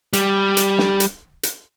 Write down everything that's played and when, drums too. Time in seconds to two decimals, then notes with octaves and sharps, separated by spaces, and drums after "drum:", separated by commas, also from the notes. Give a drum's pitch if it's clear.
0.13 G3, drum: hi-hat
0.57 drum: hi-hat
0.78 drum: snare
1.00 drum: hi-hat
1.43 drum: hi-hat